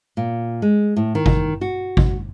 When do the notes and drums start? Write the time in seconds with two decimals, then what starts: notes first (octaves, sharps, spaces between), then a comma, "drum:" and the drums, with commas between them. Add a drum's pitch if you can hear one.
0.17 A#2
0.62 G#3
0.96 A2
1.15 D#3
1.26 drum: kick G#1
1.61 F#4
1.97 drum: kick G#1